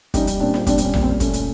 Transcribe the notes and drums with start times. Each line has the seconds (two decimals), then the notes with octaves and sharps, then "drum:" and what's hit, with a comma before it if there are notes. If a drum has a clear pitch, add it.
0.14 G3 C#4 D#4, drum: kick, hi-hat
0.27 drum: hi-hat
0.40 A#2 C4 D4
0.54 drum: snare
0.67 G3 C4 D4, drum: kick, hi-hat
0.78 C4, drum: hi-hat
0.85 C#4
0.94 A#2, drum: tom A#1
1.03 C4
1.20 A3 C#4, drum: kick, hi-hat
1.33 drum: hi-hat